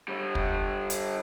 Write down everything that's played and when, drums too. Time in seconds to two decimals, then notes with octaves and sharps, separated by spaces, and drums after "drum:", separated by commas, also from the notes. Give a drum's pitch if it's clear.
0.08 D3 G3
0.35 drum: kick
0.90 drum: hi-hat